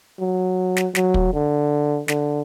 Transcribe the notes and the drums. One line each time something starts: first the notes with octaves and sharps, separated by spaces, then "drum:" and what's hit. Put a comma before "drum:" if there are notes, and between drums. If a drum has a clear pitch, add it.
F#3
drum: snare
F#3, drum: snare
drum: kick
D3
D3, drum: snare